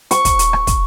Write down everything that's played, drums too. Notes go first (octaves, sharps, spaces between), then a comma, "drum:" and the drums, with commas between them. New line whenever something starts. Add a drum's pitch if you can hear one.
C#6, drum: hi-hat
drum: kick, hi-hat
drum: hi-hat
drum: rim click
drum: kick, hi-hat